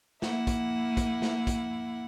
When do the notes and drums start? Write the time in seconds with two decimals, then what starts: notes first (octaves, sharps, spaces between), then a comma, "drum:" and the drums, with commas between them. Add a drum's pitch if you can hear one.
0.22 A#3 E4 F#5, drum: snare
0.47 drum: kick, hi-hat
0.97 drum: kick, hi-hat
1.22 drum: snare
1.47 drum: kick, hi-hat